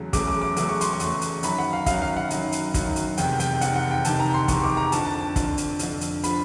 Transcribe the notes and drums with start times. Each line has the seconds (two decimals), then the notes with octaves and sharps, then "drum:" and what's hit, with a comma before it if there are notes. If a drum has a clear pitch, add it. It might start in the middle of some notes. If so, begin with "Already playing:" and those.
Already playing: E2 C#3 F#3 A3
0.13 E2 C#3 F#3 A3 D6, drum: kick, hi-hat
0.27 D6
0.42 D6
0.57 E2 C#3 F#3 A3 D6, drum: hi-hat
0.69 C#6
0.81 C6, drum: hi-hat
0.93 C#6
1.00 E2 C#3 F#3 A3, drum: hi-hat
1.22 drum: hi-hat
1.43 F#2 D#3 F#3 B5, drum: hi-hat
1.58 F#5
1.73 F5
1.86 F#2 D#3 F#3 F5, drum: kick, hi-hat
2.02 F5
2.17 F#5
2.30 F#2 D#3 F#3, drum: hi-hat
2.52 drum: hi-hat
2.74 F#2 D#3 F#3, drum: kick, hi-hat
2.96 drum: hi-hat
3.17 F1 E2 C3 D#3 G5, drum: hi-hat
3.40 G5, drum: hi-hat
3.61 F1 E2 C3 D#3 F#5, drum: hi-hat
3.76 F#5
3.91 G5
4.05 F1 E2 C3 D#3 A5, drum: hi-hat
4.20 A#5
4.34 C6
4.48 F1 E2 C3 D#3 C#6, drum: kick, hi-hat
4.63 D6
4.77 A#5
4.92 F2 D3 F3 A5, drum: hi-hat
5.07 A5
5.21 A5
5.36 F2 D3 F3, drum: kick, hi-hat
5.58 drum: hi-hat
5.79 F2 D3 F3, drum: hi-hat
6.01 drum: hi-hat
6.24 D3 F3 B5, drum: hi-hat